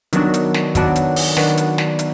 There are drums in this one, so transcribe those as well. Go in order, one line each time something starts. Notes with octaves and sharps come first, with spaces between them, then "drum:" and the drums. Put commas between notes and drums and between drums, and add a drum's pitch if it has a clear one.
D#3 F#3 B3 D4 F#4, drum: hi-hat
drum: hi-hat
drum: snare
D#3 F#3 B3 D4 F#4, drum: kick, hi-hat
drum: hi-hat
drum: open hi-hat
D#3 F#3 B3 D4 F#4, drum: snare
drum: hi-hat
drum: snare
drum: hi-hat